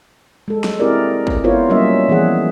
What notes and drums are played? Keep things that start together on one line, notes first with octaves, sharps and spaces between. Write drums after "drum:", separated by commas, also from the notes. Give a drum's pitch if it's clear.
G#3 A4
drum: snare
C4 E4 G4 G#4 A#4 D5
drum: kick
B3 E4 F4 A#4 C5 C#5
F#3 G3 A#3 C#4 D#5 E5
E3 F3 B3 G#4 F#5